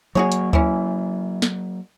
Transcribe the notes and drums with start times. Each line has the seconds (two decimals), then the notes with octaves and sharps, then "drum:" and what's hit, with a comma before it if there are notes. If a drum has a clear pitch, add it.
0.15 F#3 A#3 F#4 G#4 C#5
0.32 drum: hi-hat
0.53 E3 C#4, drum: kick D2
1.42 drum: snare